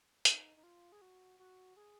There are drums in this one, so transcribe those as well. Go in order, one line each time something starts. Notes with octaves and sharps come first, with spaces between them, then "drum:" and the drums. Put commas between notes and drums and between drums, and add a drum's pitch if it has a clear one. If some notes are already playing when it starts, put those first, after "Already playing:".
D#4, drum: hi-hat
D#4
F4
G#4
F#4
F#4
G#4